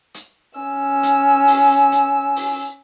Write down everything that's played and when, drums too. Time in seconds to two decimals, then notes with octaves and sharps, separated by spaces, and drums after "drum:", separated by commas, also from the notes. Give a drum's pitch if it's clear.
0.14 drum: hi-hat
0.59 C#4 E6
1.03 drum: hi-hat
1.48 drum: open hi-hat
1.92 drum: hi-hat
2.36 drum: open hi-hat